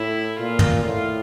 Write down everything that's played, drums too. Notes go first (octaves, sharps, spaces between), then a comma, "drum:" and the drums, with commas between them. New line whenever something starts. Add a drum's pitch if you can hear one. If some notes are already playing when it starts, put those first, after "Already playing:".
Already playing: A2 E4
A#2 F4
drum: tom
A2 F4